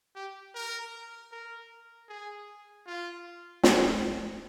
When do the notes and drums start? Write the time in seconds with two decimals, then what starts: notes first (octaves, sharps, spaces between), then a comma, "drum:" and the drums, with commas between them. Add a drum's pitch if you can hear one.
0.15 G4
0.55 A#4
1.32 A#4
2.09 G#4
2.86 F4
3.63 C4, drum: snare